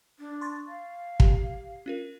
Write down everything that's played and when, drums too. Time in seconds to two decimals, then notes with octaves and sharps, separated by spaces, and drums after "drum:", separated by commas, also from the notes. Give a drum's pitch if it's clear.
0.19 D4
0.41 C6 C#6 A6
0.68 F5
1.20 G4, drum: kick
1.86 C#4 F4 A#4